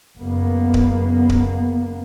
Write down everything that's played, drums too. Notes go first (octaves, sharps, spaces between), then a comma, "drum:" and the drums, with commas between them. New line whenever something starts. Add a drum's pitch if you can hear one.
F#1 A#3 B3
drum: kick D1
drum: kick D1